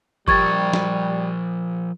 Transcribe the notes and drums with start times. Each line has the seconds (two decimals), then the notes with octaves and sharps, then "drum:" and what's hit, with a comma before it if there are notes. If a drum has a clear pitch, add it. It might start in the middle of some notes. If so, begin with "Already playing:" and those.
0.28 F3 G3 A#4 C#6 G#6 A6, drum: kick F#1
0.73 drum: snare